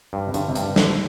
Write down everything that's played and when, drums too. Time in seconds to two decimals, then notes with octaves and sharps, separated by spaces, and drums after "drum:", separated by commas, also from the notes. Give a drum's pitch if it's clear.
0.13 G2
0.27 C3
0.34 G2 D3, drum: hi-hat
0.48 C3
0.55 G2, drum: hi-hat
0.63 D3
0.76 D3 D#3, drum: snare